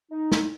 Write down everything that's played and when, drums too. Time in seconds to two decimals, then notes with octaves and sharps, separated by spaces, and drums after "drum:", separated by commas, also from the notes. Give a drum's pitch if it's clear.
0.12 D#4
0.32 drum: snare